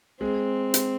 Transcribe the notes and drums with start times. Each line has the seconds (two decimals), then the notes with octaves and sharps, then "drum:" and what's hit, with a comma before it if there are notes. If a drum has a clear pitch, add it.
0.21 G#3 C4
0.74 drum: hi-hat